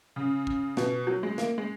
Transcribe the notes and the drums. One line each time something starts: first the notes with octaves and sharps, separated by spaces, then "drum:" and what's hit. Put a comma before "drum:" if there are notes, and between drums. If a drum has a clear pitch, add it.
C#3
drum: kick
B2, drum: snare
F#3
G#3
A#3, drum: snare
G#3